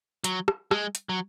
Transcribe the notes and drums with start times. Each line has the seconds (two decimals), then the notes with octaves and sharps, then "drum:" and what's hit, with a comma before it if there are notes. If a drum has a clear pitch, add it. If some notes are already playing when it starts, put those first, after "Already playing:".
0.24 F#3, drum: hi-hat
0.48 drum: rim click
0.71 G#3, drum: rim click
0.95 drum: hi-hat
1.09 F#3